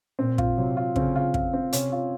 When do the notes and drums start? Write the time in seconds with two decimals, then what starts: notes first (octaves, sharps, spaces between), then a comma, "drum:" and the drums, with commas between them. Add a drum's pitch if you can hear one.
0.19 A#2 C4
0.38 F4, drum: kick
0.57 C3 F#3
0.77 F4
0.96 C#3 C4, drum: kick
1.16 F4
1.34 F4, drum: kick
1.53 C4
1.73 C3 C#4, drum: hi-hat
1.92 F4